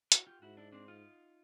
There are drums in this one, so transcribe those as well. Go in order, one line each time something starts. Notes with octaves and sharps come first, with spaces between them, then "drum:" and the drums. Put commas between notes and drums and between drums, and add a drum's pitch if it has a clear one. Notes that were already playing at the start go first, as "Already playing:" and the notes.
E4 F#4, drum: hi-hat
F4 G4
G#2 E4 F#4
D4 E4
C4 D4
D#4 F4